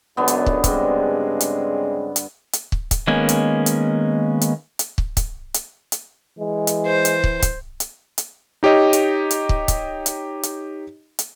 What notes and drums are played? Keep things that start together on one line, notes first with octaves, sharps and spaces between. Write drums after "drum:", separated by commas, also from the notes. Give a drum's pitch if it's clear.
C#2 F#2 D3 B3
drum: hi-hat
drum: kick
G2 C#3 G#3 C4, drum: kick, hi-hat
drum: hi-hat
drum: hi-hat
drum: hi-hat
drum: kick
drum: kick, hi-hat
D#3 G#3 A#3 B3 C#4
drum: hi-hat
drum: hi-hat
drum: hi-hat
drum: hi-hat
drum: kick
drum: kick, hi-hat
drum: hi-hat
drum: hi-hat
E3 G#3
drum: hi-hat
C5
drum: hi-hat
drum: kick
drum: kick, hi-hat
drum: hi-hat
drum: hi-hat
D#4 G4 C#5 D#5
drum: hi-hat
drum: hi-hat
drum: kick
drum: kick, hi-hat
drum: hi-hat
drum: hi-hat
drum: hi-hat